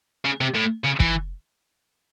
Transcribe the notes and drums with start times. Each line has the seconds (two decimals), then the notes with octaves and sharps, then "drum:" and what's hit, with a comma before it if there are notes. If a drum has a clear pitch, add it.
0.25 C#3
0.41 C3
0.55 A2
0.85 C#3
1.00 E3, drum: kick